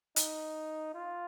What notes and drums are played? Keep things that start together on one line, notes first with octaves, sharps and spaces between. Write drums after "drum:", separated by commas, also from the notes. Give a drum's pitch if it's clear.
D#4, drum: hi-hat
F4